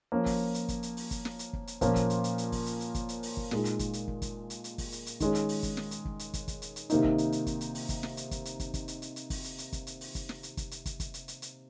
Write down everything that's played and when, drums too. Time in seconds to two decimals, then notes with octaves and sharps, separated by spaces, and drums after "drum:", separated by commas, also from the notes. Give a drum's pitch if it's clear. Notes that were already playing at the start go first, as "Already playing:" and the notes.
0.12 F3 A#3 C#4
0.26 drum: kick, open hi-hat
0.54 drum: hi-hat
0.69 drum: kick, hi-hat
0.83 drum: hi-hat
0.97 drum: open hi-hat
1.11 drum: kick, hi-hat
1.25 drum: snare
1.39 drum: hi-hat
1.53 drum: kick
1.67 drum: hi-hat
1.81 A#2 F3 A#3 C#4, drum: kick, hi-hat
1.96 drum: kick, hi-hat
2.10 drum: hi-hat
2.24 drum: hi-hat
2.38 drum: hi-hat
2.52 drum: kick, open hi-hat
2.66 drum: hi-hat
2.80 drum: hi-hat
2.95 drum: kick, hi-hat
3.09 drum: hi-hat
3.23 drum: open hi-hat
3.37 drum: kick
3.51 A#2 G#3 D#4, drum: snare
3.65 drum: hi-hat
3.79 drum: kick, hi-hat
3.93 drum: hi-hat
4.08 drum: kick
4.22 drum: kick, hi-hat
4.50 drum: hi-hat
4.64 drum: hi-hat
4.78 drum: kick, open hi-hat
4.92 drum: hi-hat
5.06 drum: hi-hat
5.20 D#3 G#3 C#4, drum: kick, hi-hat
5.35 drum: hi-hat
5.49 drum: open hi-hat
5.63 drum: kick, hi-hat
5.77 drum: snare
5.91 drum: hi-hat
6.05 drum: kick
6.19 drum: hi-hat
6.34 drum: kick, hi-hat
6.48 drum: kick, hi-hat
6.62 drum: hi-hat
6.76 drum: hi-hat
6.90 C3 D#3 A#3 D#4, drum: hi-hat
7.04 drum: kick
7.18 drum: hi-hat
7.32 drum: hi-hat
7.47 drum: kick, hi-hat
7.61 drum: hi-hat
7.75 drum: open hi-hat
7.89 drum: kick, hi-hat
8.03 drum: snare
8.17 drum: hi-hat
8.31 drum: kick, hi-hat
8.45 drum: hi-hat
8.60 drum: kick, hi-hat
8.74 drum: kick, hi-hat
8.88 drum: hi-hat
9.02 drum: hi-hat
9.16 drum: hi-hat
9.30 drum: kick, open hi-hat
9.44 drum: hi-hat
9.58 drum: hi-hat
9.73 drum: kick, hi-hat
9.87 drum: hi-hat
10.01 drum: open hi-hat
10.15 drum: kick, hi-hat
10.29 drum: snare
10.43 drum: hi-hat
10.57 drum: kick, hi-hat
10.71 drum: hi-hat
10.86 drum: kick, hi-hat
11.00 drum: kick, hi-hat
11.14 drum: hi-hat
11.28 drum: hi-hat
11.42 drum: hi-hat